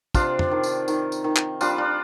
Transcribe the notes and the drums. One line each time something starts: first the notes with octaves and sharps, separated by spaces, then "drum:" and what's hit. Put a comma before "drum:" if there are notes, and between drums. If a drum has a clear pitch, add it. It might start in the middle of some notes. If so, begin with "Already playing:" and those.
C3 D4 F4, drum: kick, tambourine
drum: tom
D#3
drum: tambourine
D#3, drum: tambourine
drum: tambourine
D#3
drum: clap
G3 D4 F4, drum: tambourine
D4 F4